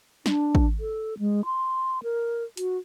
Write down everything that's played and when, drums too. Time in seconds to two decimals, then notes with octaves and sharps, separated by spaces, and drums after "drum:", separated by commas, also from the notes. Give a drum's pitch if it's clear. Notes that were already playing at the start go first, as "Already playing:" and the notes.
0.26 D4, drum: snare
0.55 drum: kick
0.80 A4
1.19 G#3
1.45 C6
2.03 A#4
2.57 F#4, drum: hi-hat